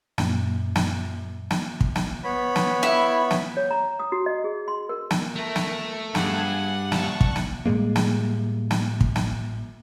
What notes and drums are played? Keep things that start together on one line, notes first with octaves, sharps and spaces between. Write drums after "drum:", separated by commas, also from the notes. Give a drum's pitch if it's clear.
F#2 A#2, drum: snare
drum: snare
drum: snare
drum: kick
drum: snare
B3 C#5 B5
drum: snare
E4
drum: snare
C#5
A#5
D#6
F#4
D#5
G#4
C6
A#4
drum: snare
A3 A#4
drum: snare
G2 G#4 F#5 G#5, drum: snare
C2 A5 C#6, drum: snare
drum: kick
drum: snare
A2 G3 G#3 A#3
drum: snare
drum: snare
drum: kick
drum: snare